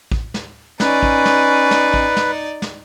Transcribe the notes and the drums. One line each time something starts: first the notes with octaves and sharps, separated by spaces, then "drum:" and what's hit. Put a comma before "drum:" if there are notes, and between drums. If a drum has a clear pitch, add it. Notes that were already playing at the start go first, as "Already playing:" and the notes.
drum: kick A1
drum: snare
C#4 D#4 B4 D5, drum: snare
drum: kick A1
drum: snare
drum: snare
drum: kick A1
drum: snare
drum: snare